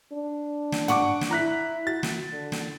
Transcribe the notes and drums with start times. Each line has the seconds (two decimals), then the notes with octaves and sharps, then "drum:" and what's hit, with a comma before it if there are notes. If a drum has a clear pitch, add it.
0.12 D4
0.72 drum: snare
0.88 F#5 C#6 D6, drum: tom
1.21 drum: snare
1.31 E4 A#5 F#6 B6
1.87 F#4 A6
2.03 drum: snare
2.32 D3
2.52 drum: snare